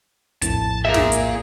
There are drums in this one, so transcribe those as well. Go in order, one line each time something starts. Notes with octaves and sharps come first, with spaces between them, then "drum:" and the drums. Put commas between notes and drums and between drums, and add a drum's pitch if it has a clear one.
A#1 F2 A2 A5, drum: kick, hi-hat
A#2 G#4 A#4 E5
drum: snare
drum: hi-hat